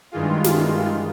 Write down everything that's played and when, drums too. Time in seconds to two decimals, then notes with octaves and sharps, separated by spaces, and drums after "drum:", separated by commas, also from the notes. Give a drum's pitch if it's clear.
0.12 G2 D#3 E3 G#3 F4
0.44 drum: snare